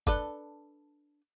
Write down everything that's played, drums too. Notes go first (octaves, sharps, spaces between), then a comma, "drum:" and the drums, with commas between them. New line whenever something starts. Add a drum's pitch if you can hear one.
D4 A4 B4, drum: kick